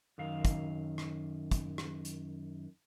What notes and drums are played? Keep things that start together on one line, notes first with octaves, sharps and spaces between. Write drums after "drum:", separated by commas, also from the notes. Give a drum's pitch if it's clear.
F#2 D#3 F5
drum: kick, hi-hat
drum: rim click
drum: kick, hi-hat
drum: rim click
drum: hi-hat